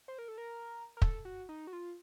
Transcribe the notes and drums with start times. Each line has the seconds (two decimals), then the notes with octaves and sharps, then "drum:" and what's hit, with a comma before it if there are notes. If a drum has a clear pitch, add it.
0.08 C5
0.18 A#4
0.28 A4
0.38 A#4
0.97 A#4
1.02 A4, drum: kick
1.25 F#4
1.49 D#4
1.67 F#4
1.73 F4